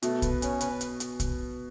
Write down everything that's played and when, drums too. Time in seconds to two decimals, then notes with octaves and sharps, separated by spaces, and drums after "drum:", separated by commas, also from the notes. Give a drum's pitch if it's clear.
0.03 B2 A3, drum: hi-hat
0.22 B4, drum: kick, hi-hat
0.42 C#4, drum: hi-hat
0.61 B4, drum: hi-hat
0.81 drum: hi-hat
1.00 drum: hi-hat
1.20 drum: kick, hi-hat